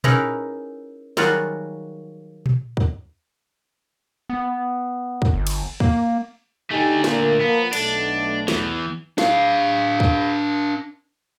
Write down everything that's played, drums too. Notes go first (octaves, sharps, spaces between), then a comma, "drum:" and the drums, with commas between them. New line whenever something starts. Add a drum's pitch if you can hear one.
C#4 D#4 E4 G#4 A#4 B4, drum: tom A#2
D#3 F#3 G3 F4 F#4 G#4, drum: snare
drum: tom A#2
drum: kick
B3
drum: kick
G1
drum: cymbal
A#3, drum: kick
D3 A3 D#4 G4 G#5
A#2, drum: snare
F3 A#3 B3
B1 B2 A3 D4, drum: cymbal
E2 E3, drum: snare
D4 F5, drum: snare
drum: kick